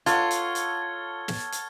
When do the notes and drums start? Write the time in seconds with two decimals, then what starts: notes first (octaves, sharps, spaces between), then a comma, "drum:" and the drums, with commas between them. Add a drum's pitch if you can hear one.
0.06 F4 A4 C#5 F#5 F6 G#6 G7, drum: hi-hat
0.31 drum: hi-hat
0.55 drum: hi-hat
1.28 drum: snare
1.52 drum: hi-hat